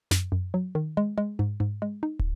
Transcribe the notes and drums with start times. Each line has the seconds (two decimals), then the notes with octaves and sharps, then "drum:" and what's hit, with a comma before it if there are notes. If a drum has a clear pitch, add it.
0.11 F#2, drum: snare
0.32 F#2
0.54 F#3
0.75 D#3
0.97 G#3
1.18 G#3
1.39 G#2
1.60 G#2
1.82 G#3
2.03 D#4
2.19 drum: kick